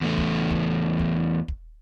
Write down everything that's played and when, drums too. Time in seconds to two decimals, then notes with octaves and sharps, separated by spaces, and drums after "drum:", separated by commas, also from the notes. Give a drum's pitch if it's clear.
0.01 E2 A3
0.18 drum: kick
0.50 drum: kick
0.99 drum: kick
1.48 drum: kick